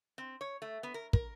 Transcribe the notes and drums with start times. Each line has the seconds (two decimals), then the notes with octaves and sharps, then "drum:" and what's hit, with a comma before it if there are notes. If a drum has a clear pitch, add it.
0.18 C4
0.41 C#5
0.62 A3
0.83 B3
0.94 A#4
1.13 A#4, drum: kick